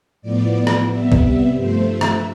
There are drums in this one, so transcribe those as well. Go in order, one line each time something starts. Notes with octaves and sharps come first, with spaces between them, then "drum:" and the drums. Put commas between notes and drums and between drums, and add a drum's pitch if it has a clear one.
A2 F3 B3 D5
drum: rim click
C3 G3 B3 E5
drum: kick
E5
G2 F3 A3 C5
E5
drum: rim click